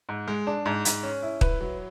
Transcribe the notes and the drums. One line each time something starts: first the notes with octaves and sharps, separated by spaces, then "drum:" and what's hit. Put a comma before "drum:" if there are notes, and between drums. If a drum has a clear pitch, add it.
G#2
G#3
D4
G#2
G#2, drum: hi-hat
C#4
E4
B4, drum: kick
F#3